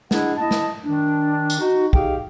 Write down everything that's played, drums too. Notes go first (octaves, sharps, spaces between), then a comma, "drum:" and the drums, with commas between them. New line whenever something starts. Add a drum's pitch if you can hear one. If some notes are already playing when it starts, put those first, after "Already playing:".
G#3 D4 E4 G#4 F#5, drum: snare
A#3 E4 D#5 A5
drum: snare
D#3 D4
drum: tambourine
D#4 F#4
D#4 G4 G#4 F5 G5, drum: kick